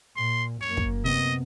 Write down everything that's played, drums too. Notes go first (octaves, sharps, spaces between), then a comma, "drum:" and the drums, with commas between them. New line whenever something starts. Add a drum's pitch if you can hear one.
A#2 C6
F#2 A#3 C#5
drum: kick
C3 B3 D#5